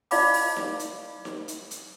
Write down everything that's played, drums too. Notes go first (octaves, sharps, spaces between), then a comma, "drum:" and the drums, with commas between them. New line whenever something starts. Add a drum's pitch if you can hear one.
E4 D5 D#5 F5 B5 D6, drum: open hi-hat
drum: open hi-hat
drum: snare D#4
drum: hi-hat
drum: snare D#4
drum: hi-hat
drum: hi-hat